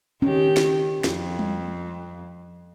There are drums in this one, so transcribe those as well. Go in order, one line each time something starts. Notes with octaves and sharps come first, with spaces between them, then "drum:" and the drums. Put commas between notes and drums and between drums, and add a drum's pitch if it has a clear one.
D#3 C#4 G4
drum: snare
F2, drum: snare
drum: tom G3